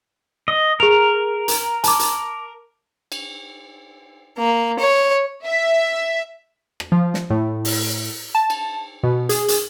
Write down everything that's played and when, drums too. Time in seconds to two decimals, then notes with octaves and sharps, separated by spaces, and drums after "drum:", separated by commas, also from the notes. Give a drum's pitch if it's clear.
0.48 D#5
0.80 G#4 A#4 F7
1.48 drum: hi-hat
1.84 A5 D6, drum: hi-hat
1.99 drum: hi-hat
3.12 drum: cymbal
4.38 A#3
4.79 C#5
5.47 E5
6.80 drum: rim click
6.92 F3
7.14 drum: snare
7.30 A2
7.65 drum: open hi-hat
8.35 A5
8.50 drum: cymbal
9.03 B2
9.29 G#4, drum: hi-hat
9.48 drum: hi-hat